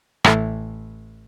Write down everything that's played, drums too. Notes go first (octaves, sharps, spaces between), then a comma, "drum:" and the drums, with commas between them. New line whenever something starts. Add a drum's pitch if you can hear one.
A1 A2 E3 A3, drum: rim click